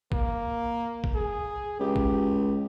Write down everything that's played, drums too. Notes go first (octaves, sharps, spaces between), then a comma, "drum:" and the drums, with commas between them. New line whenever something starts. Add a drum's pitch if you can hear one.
A#3, drum: kick A1
drum: kick A1
G#4
C#2 G4
drum: kick A1